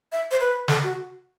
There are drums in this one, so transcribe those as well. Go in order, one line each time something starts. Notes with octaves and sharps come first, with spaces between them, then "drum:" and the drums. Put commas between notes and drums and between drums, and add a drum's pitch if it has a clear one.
E5
C5
B4
A4, drum: snare
F#4